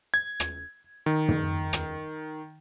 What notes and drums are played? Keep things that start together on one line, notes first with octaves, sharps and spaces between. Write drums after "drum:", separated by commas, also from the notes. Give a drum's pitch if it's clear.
G#6
drum: rim click
D#3
drum: tom
drum: rim click